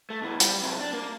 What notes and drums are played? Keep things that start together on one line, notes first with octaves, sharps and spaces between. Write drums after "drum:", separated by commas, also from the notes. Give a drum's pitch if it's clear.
A3
B2 E3
G3, drum: hi-hat
C3 F#3
D4
A#3